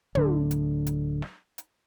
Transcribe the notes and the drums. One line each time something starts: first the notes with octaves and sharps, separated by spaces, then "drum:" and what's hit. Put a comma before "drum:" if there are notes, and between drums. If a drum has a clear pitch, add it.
D1 D3 A3, drum: tom
drum: hi-hat
drum: hi-hat
drum: snare
drum: hi-hat